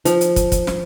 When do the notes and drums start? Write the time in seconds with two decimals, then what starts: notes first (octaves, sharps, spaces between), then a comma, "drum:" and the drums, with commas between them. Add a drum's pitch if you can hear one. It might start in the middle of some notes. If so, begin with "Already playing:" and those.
0.05 F3, drum: hi-hat
0.21 drum: hi-hat
0.36 drum: kick, hi-hat
0.52 drum: kick, hi-hat
0.67 drum: snare